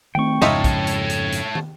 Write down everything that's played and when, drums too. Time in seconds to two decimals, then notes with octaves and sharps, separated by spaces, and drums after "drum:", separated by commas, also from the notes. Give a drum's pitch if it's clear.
0.15 D#3 A3 C4 G5 C#6
0.42 F2 G#2 C#3 D#4 F4 A4 C#5 E5, drum: snare
0.64 drum: kick, hi-hat
0.87 drum: hi-hat
1.10 drum: hi-hat
1.33 drum: hi-hat
1.55 drum: tom